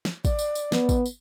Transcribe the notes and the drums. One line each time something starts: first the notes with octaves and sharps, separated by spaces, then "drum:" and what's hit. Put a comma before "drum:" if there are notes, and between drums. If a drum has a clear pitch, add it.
drum: snare
D5, drum: kick, tambourine
drum: tambourine
drum: tambourine
B3, drum: snare
drum: kick, tambourine
drum: tambourine